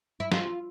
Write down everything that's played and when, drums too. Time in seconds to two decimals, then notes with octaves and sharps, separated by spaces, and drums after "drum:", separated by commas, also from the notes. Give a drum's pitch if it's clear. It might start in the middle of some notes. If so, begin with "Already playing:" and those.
0.20 E4
0.32 F4, drum: snare